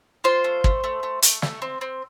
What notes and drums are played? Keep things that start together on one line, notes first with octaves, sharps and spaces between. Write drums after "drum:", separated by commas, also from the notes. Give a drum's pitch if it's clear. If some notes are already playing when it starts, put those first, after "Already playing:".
F4 C5
A3
A3, drum: kick
A3
A3
A3, drum: hi-hat
A3, drum: snare
C4
C4